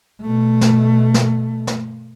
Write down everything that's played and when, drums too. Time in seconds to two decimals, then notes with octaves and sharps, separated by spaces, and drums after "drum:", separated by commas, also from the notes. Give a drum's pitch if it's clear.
0.22 B2 A3
0.61 drum: snare
1.14 drum: snare
1.67 drum: snare